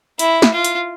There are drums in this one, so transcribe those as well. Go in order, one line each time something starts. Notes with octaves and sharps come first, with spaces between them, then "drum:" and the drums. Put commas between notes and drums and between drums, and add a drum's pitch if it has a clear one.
E4, drum: hi-hat
drum: snare
F4
drum: hi-hat